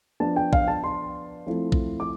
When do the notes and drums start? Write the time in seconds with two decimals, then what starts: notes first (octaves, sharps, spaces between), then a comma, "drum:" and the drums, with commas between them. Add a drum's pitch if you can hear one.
0.20 F3 B3 D4 A5
0.36 G5
0.53 F5, drum: kick
0.68 A5
0.84 C6
1.47 F3 A3 C4 E4
1.72 drum: kick
2.00 D6